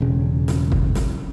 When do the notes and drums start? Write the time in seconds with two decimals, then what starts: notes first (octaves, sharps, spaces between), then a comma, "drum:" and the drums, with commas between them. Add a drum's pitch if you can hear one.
0.01 E1 C#3
0.48 drum: snare
0.72 drum: kick
0.95 drum: snare